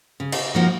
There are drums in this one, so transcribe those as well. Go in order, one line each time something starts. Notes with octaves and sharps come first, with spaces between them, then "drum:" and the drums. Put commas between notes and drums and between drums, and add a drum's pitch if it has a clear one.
C#3
drum: cymbal
F3 A#3 D#4 F#4